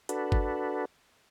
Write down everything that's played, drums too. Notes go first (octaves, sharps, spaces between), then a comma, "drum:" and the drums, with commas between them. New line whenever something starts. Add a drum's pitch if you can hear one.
D4 F#4 A4 B4, drum: hi-hat
drum: kick